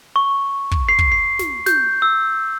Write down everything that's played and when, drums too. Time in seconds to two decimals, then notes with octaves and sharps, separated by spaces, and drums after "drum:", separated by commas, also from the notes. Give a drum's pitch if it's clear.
0.16 C#6
0.71 drum: kick
0.89 C7
0.99 drum: kick
1.12 C7
1.39 drum: snare
1.66 G6, drum: snare
2.02 E6